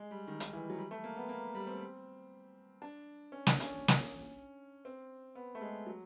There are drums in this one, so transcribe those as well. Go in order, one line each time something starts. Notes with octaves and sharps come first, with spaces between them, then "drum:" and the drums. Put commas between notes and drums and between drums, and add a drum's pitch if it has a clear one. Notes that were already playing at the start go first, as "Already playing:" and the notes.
Already playing: G#3
G3
D#3
D#3, drum: hi-hat
E3
F#3
G3
A3
A#3
B3
A#3
G3
C4
D4
C#4
D4, drum: snare
C#4, drum: hi-hat
drum: snare
C4
B3
A3
G#3
F#3